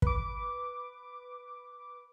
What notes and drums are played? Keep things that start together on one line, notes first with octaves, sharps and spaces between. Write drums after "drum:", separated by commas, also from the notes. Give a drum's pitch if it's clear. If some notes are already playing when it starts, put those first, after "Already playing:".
B4 D6, drum: kick